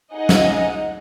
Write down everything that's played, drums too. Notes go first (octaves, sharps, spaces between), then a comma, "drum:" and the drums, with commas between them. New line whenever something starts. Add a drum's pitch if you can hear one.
D#4 G#4 D#5 F#5
drum: snare